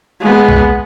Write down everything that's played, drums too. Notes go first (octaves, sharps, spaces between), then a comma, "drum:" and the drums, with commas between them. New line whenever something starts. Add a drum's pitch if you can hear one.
G#3 B3
drum: kick B1